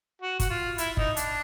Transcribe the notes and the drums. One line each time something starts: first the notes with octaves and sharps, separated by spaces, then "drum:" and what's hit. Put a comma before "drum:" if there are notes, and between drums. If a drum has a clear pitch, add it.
F#4
F#4, drum: kick, hi-hat
F4
E4, drum: hi-hat
D#4, drum: kick
D4, drum: hi-hat